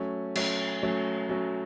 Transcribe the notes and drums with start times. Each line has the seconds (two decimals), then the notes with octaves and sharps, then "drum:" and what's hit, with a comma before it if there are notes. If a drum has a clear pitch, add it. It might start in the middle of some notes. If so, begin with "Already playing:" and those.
Already playing: F#3 A3 C#4
0.35 F#3 A3 C#4, drum: cymbal
0.83 F#3 A3 C#4
1.29 F#3 A3 C#4